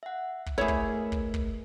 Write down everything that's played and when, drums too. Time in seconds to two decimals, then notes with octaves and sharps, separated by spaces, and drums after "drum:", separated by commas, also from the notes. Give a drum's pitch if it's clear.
0.03 E5 F#5
0.46 drum: kick
0.58 A3 E4 G#4 A#4 B4 C#5
0.68 drum: kick
1.12 drum: kick
1.34 drum: kick